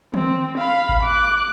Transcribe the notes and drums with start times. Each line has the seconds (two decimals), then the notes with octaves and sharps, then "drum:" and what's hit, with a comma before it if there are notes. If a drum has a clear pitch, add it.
0.14 C4, drum: tom
0.58 F5 B5
0.89 drum: kick G#1
1.04 D6 F#6